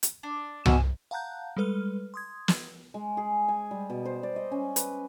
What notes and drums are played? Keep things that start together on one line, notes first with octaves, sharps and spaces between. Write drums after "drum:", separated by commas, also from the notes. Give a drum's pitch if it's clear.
drum: hi-hat
D4
B2 G#5 E6 F6, drum: tom C2
F5 F#5 A5 A#5 F#6 G6
G3 G#3 A4 B4 F6
C6 D#6 G#6
drum: snare
G#3
G#4
G#5
G3
B2
C5
D5
D#5
C#4
B4, drum: hi-hat